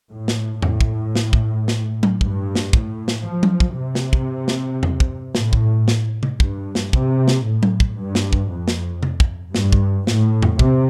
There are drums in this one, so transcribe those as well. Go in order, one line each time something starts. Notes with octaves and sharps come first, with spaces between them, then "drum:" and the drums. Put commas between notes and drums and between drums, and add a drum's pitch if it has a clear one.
A2
drum: snare
A2, drum: tom E2
drum: kick
drum: snare
drum: kick
drum: snare
drum: tom F#3
G2, drum: kick
drum: snare
A2, drum: kick
drum: snare
F3
drum: tom F#3
drum: kick
C3
drum: snare
drum: kick
drum: snare
drum: tom E2
drum: kick
A2, drum: snare
drum: kick
drum: snare
drum: tom C3
G2, drum: kick
drum: snare
C3, drum: kick
drum: snare
A2
drum: tom F#3
drum: kick
G2
drum: snare
drum: kick
F2
drum: snare
drum: tom C3
drum: kick
G2, drum: snare
drum: kick
A2, drum: snare
drum: tom E2
C3, drum: kick